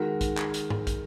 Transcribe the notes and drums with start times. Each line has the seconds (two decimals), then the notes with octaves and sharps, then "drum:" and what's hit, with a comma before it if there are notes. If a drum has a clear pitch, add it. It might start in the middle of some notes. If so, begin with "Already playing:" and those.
Already playing: D#3 G#3 F#4 A#4
0.21 drum: kick, hi-hat
0.37 drum: clap
0.54 drum: hi-hat
0.70 drum: tom G#2
0.87 drum: kick, hi-hat